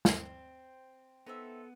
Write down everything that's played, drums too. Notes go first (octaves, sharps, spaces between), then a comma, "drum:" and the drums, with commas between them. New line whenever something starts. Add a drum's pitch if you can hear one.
C4, drum: snare
B3 D#4 A4 C5 E5